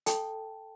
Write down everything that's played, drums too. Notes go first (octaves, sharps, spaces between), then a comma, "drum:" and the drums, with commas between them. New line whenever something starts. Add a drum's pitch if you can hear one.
A4 G5 A5, drum: hi-hat